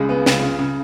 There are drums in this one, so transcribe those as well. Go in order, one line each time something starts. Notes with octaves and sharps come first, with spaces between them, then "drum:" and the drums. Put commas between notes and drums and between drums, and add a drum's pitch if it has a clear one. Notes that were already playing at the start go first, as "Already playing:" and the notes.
Already playing: C#2 C#3 G#3
B3
C#2, drum: snare
C#3
C#3